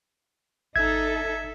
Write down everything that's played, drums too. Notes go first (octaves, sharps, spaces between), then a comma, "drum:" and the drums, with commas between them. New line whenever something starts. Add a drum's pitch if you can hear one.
D#4 A4 E5 G#6, drum: kick G#1